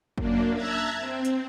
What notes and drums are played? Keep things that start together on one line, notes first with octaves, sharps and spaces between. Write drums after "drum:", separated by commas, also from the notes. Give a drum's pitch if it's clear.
F#2 A#3 D4, drum: kick G1
E5 A5 A#5 E6 F#6 G#6
C4
drum: hi-hat